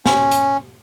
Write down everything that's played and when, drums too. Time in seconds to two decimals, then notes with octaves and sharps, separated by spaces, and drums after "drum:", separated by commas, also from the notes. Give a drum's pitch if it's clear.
0.06 C#4, drum: snare
0.31 drum: hi-hat